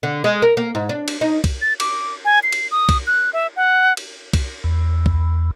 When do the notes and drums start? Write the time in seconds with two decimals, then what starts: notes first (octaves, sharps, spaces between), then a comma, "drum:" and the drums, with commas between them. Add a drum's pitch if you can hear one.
0.03 D3
0.24 G#3
0.42 A#4
0.57 A#3
0.75 G#2
0.89 D4
1.08 drum: cymbal
1.21 D#4
1.44 drum: kick, cymbal
1.62 A6
1.80 D6, drum: cymbal
2.25 G#5
2.43 C7
2.52 drum: cymbal
2.71 D#6
2.89 drum: kick, cymbal
3.07 F#6
3.33 E5
3.56 F#5
3.97 drum: cymbal
4.33 drum: kick, cymbal
4.64 E2
5.06 drum: kick